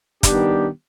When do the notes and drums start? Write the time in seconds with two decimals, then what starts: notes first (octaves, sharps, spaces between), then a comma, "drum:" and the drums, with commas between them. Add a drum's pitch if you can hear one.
0.23 D#3 G3 B3 D4 G4, drum: kick, hi-hat